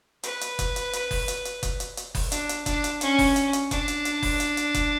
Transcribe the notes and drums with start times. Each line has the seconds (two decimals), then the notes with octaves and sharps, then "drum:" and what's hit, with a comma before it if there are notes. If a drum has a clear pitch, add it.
0.23 B4, drum: hi-hat
0.41 drum: hi-hat
0.59 drum: kick F#1, hi-hat
0.76 drum: hi-hat
0.93 drum: hi-hat
1.11 drum: kick F#1, open hi-hat
1.28 drum: hi-hat
1.45 drum: hi-hat
1.63 drum: kick F#1, hi-hat
1.80 drum: hi-hat
1.97 drum: hi-hat
2.15 drum: kick F#1, open hi-hat
2.32 D4, drum: hi-hat
2.49 drum: hi-hat
2.66 D4, drum: kick F#1, hi-hat
2.84 drum: hi-hat
3.01 C#4, drum: hi-hat
3.19 drum: kick F#1, open hi-hat
3.36 drum: hi-hat
3.53 drum: hi-hat
3.71 D4, drum: kick F#1, hi-hat
3.88 drum: hi-hat
4.05 drum: hi-hat
4.22 drum: kick F#1, open hi-hat
4.40 drum: hi-hat
4.57 drum: hi-hat
4.74 drum: kick F#1, hi-hat